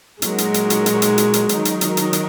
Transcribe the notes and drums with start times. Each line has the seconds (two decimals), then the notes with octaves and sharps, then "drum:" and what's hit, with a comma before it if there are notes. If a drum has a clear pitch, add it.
0.22 A#2 F#3 G#3 D#4 F#4 A#4, drum: hi-hat
0.38 drum: hi-hat
0.54 drum: hi-hat
0.70 drum: hi-hat
0.86 drum: hi-hat
1.02 drum: hi-hat
1.18 drum: hi-hat
1.34 drum: hi-hat
1.49 D#3 F#3 D#4 A#4, drum: hi-hat
1.65 drum: hi-hat
1.81 drum: hi-hat
1.97 drum: hi-hat
2.13 drum: hi-hat